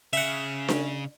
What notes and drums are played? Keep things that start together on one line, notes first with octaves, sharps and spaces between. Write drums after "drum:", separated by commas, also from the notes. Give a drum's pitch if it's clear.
C#3 E5 F#5
drum: snare D4